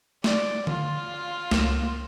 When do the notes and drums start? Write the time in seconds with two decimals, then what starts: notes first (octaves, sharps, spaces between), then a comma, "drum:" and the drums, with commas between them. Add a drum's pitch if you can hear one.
0.24 D5, drum: snare
0.67 F4, drum: tom D3
1.51 C#2 A#3 E7, drum: snare